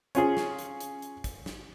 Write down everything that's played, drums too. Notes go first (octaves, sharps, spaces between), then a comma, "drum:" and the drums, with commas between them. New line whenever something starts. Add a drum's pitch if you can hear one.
C#4 F4 G#4, drum: hi-hat
drum: snare
drum: hi-hat
drum: hi-hat
drum: hi-hat
drum: kick, hi-hat
drum: snare